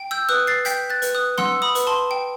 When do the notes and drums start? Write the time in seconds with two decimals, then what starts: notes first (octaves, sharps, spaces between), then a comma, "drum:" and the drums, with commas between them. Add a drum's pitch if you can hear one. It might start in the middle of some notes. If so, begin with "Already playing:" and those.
Already playing: G5
0.11 E6 G6
0.29 B4 D#6 F#6
0.47 A6 C7
0.65 G5 G6 B6, drum: hi-hat
0.90 F#6 A6
1.02 B4, drum: hi-hat
1.15 D#6 F#6
1.38 F#5 C6 E6, drum: snare C4
1.62 B5 D#6
1.75 B4, drum: hi-hat
1.87 A5 C6
2.11 G5